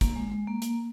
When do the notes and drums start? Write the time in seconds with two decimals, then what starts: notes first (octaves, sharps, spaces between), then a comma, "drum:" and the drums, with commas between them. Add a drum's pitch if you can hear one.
0.01 A#3, drum: kick, hi-hat
0.16 G#3
0.32 G#3
0.47 A#3
0.62 A#3, drum: hi-hat